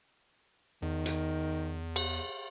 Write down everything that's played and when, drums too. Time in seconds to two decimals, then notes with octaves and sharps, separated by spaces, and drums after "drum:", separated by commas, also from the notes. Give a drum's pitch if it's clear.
0.82 E2 D#3
1.06 drum: hi-hat
1.96 drum: cymbal